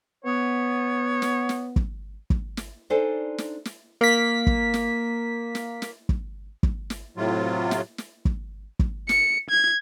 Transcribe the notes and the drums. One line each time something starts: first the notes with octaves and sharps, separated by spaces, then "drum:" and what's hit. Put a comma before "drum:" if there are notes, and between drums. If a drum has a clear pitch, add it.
B3 C#5
drum: snare
drum: snare
drum: kick
drum: kick
drum: snare
D4 D#4 A4 C5 D5 G#5
drum: snare
drum: snare
A#3 B6
drum: kick
drum: snare
drum: snare
drum: snare
drum: kick
drum: kick
drum: snare
A2 C3 F#3 F4
drum: snare
drum: snare
drum: kick
drum: kick
C#7, drum: snare
G#6